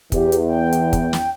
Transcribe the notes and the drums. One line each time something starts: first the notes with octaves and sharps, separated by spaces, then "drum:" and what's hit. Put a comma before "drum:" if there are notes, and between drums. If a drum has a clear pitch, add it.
E2 G4, drum: kick, hi-hat
drum: hi-hat
G5
drum: hi-hat
drum: kick, hi-hat
drum: snare